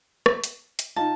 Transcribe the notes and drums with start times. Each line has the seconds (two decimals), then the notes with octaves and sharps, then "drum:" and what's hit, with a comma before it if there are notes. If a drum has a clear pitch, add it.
0.26 drum: rim click
0.44 drum: hi-hat
0.79 drum: hi-hat
0.96 D#4 F4 A5